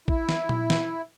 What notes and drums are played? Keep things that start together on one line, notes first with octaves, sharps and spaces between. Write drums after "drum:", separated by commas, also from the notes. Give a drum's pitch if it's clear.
E4, drum: kick
drum: snare
drum: tom A#2
drum: snare